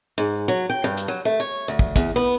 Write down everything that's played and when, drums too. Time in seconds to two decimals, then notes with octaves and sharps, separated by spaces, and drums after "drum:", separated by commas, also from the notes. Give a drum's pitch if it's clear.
0.18 G#2
0.48 F#3
0.70 G5
0.84 G2
0.97 drum: hi-hat
1.08 F#3
1.25 A3
1.40 C#5
1.68 D2
1.79 drum: kick
1.96 E2, drum: kick, hi-hat
2.16 B3